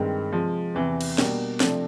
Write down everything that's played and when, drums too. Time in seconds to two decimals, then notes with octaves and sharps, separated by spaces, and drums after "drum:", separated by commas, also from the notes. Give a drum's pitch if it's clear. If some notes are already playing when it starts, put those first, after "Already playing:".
Already playing: G2 D#3 G#3 C4
0.32 C3 F3 G#3
0.75 E2 C3 E3
1.01 drum: cymbal
1.18 B2 G3 A#3 D4, drum: snare
1.60 C3 F3 A3 D4, drum: snare